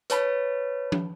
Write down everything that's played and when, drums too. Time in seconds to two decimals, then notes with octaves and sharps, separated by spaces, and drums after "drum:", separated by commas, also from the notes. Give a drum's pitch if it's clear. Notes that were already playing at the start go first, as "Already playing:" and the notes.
0.10 B4 C#5 A5 B5, drum: hi-hat
0.92 drum: tom F3